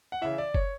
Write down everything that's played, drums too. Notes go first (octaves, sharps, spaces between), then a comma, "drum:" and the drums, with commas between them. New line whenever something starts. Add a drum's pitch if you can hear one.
F#5
C#3 E3 E5
D5
C#5, drum: kick F#1